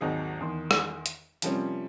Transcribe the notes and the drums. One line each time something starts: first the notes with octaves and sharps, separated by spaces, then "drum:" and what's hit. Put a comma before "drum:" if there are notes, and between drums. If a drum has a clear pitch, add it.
G#1 D#2 F#3 D#4 G#4
E2 D#3 C6
drum: rim click
drum: hi-hat
C3 F3 G3 A#3 C4 C#4, drum: hi-hat